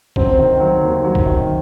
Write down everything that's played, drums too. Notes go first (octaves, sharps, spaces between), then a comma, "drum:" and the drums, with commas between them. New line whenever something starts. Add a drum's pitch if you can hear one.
F#3 C4, drum: kick
D#3
F#3
D#2
F#3
drum: kick
D#3